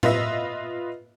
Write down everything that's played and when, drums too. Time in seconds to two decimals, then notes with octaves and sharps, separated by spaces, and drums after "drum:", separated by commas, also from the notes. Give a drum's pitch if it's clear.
0.03 F4 B4 D#5 E5, drum: tom A2